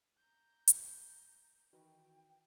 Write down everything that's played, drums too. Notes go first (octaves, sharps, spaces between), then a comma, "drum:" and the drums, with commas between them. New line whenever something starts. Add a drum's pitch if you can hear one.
A#5 G6
drum: hi-hat
D#3 E3 F#4 B4 G5